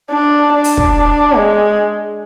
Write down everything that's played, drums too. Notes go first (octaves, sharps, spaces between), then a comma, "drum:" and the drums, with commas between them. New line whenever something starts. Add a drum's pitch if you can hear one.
D4
D4
drum: open hi-hat
drum: kick
G#3